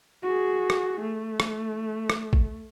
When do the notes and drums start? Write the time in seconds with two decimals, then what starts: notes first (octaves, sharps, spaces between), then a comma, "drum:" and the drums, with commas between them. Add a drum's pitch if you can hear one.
0.23 F#4 G#4
0.70 drum: rim click
1.01 A3
1.40 drum: rim click
2.10 drum: rim click
2.33 drum: kick A1